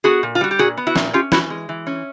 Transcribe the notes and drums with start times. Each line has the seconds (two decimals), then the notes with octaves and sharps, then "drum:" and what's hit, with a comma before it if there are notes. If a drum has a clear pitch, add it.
0.04 B3 F#4 G#4
0.23 A#2
0.35 F4
0.41 G3 F#4
0.51 G4
0.59 A#2 F#4 G#4
0.77 B3
0.87 E4 F#4
0.96 A#2, drum: snare
1.14 C#4 F4 G4
1.32 E3 E4 F#4, drum: snare
1.50 G#3
1.69 E3
1.87 C#4